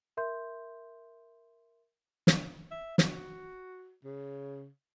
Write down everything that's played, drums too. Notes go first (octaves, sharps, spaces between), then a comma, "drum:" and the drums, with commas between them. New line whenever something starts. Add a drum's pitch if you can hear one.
A#4 E5 C6 G6
drum: snare
E5
F#4, drum: snare
C#3